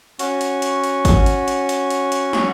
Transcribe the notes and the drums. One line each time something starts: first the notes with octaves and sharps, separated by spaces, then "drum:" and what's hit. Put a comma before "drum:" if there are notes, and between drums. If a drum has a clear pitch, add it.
C#4 F#4, drum: hi-hat
drum: hi-hat
drum: hi-hat
drum: hi-hat
drum: kick G#1, hi-hat
drum: hi-hat
drum: hi-hat
drum: hi-hat
drum: hi-hat
drum: hi-hat
drum: snare